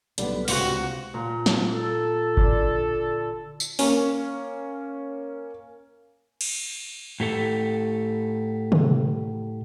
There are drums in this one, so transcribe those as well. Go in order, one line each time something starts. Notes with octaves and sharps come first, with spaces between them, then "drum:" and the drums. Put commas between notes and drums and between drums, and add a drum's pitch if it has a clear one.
B1 D3 G3 B3 D4, drum: hi-hat
C#2 C3 F#4 F5 F#5, drum: open hi-hat
A#2 A#3
drum: snare
A4
D3, drum: kick G1
drum: tambourine
A#3 C#4, drum: open hi-hat
drum: cymbal
A2 G4 A4
drum: tom